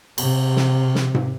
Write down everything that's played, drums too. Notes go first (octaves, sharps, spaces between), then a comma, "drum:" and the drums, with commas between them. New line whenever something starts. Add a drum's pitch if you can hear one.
C3, drum: cymbal
drum: snare
drum: snare
drum: tom G#2